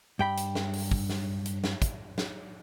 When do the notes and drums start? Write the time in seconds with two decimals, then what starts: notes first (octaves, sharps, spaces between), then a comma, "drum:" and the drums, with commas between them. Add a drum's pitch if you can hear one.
0.19 G2 G5 B5
0.37 drum: hi-hat
0.55 drum: snare
0.73 drum: open hi-hat
0.91 drum: kick
1.09 drum: snare
1.46 drum: hi-hat
1.64 drum: snare
1.82 drum: kick, hi-hat
2.18 drum: snare